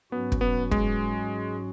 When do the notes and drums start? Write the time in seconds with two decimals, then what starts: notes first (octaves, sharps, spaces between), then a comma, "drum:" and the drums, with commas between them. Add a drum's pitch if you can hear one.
0.12 G#2 F#3 B3 C#4 F#4
0.32 drum: kick
0.41 B3
0.71 G#3, drum: kick